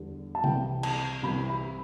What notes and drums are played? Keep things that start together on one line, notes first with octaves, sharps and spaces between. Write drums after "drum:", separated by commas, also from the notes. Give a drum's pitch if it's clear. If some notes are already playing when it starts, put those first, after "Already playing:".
Already playing: E2 D3 G3
A5
C2 C3 E3 G5, drum: tom C#3
A5, drum: cymbal
C2 C3 E3 B5
B5